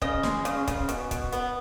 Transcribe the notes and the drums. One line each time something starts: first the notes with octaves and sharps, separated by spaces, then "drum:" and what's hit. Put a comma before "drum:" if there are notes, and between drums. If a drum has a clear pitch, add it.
C#3 D#5, drum: kick
G#3, drum: snare
C#3, drum: hi-hat
C#3, drum: kick, hi-hat
B2, drum: hi-hat
B2, drum: kick, hi-hat
B3, drum: hi-hat